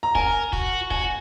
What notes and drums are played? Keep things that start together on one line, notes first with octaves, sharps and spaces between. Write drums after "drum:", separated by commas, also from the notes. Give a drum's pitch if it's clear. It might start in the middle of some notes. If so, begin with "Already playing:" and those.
A#5
A#4 G#5, drum: kick
F#4, drum: kick
F#4 G#5, drum: kick